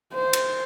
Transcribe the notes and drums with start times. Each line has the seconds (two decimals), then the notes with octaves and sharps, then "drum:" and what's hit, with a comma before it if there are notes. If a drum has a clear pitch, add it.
0.14 C5
0.33 drum: cymbal